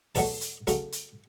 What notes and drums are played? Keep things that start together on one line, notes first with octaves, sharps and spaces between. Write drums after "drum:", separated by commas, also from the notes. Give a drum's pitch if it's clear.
E2 B2 F#3 A3 A5, drum: open hi-hat
drum: hi-hat
C#3 F#3 A3, drum: hi-hat
drum: hi-hat